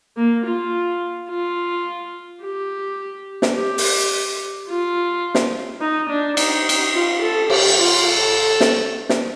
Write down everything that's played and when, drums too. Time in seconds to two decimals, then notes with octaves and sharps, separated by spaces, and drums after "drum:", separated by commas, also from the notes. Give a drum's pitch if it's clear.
0.17 A#3
0.46 F4
1.29 F4
2.43 G4
3.42 drum: snare
3.56 G4
3.78 drum: open hi-hat
4.68 F4
5.35 drum: snare
5.81 D#4
6.09 D4
6.37 D#4, drum: cymbal
6.69 drum: cymbal
6.94 F4
7.22 A4
7.50 G4, drum: cymbal
7.78 F4
8.07 A4
8.61 drum: snare
9.09 drum: snare